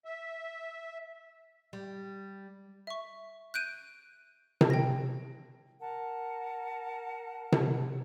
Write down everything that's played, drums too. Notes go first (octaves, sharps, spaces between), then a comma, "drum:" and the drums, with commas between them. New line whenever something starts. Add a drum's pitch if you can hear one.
E5
G3
E5 C#6
F#6 G6 D7 D#7
drum: tom C3
G5 A#6
A#4 F#5 A5
drum: tom C3